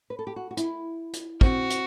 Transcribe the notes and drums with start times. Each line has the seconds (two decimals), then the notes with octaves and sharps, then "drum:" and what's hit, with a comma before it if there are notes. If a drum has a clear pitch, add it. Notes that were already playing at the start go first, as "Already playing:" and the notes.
0.10 B4
0.19 A4
0.27 G4
0.36 F#4
0.51 F#4
0.57 E4, drum: hi-hat
1.13 drum: hi-hat
1.41 C4 F#4, drum: kick
1.70 drum: hi-hat